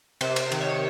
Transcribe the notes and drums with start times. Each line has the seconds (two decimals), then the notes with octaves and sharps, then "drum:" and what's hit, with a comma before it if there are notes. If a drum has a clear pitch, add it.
0.21 C3 C5, drum: cymbal
0.36 drum: cymbal
0.52 D#3, drum: cymbal
0.61 C#5